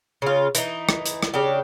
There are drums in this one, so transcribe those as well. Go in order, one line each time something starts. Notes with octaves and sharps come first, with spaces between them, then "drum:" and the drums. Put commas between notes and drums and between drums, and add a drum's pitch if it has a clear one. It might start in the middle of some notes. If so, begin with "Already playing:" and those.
C#3 F4
E3 D#4, drum: hi-hat
drum: rim click
drum: hi-hat
drum: rim click
C#3 D4 G4